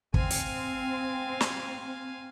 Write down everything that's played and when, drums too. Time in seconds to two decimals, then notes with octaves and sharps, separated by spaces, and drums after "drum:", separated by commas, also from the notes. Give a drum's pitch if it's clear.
0.14 C4 F5 G#5, drum: kick
0.31 drum: hi-hat
1.41 drum: snare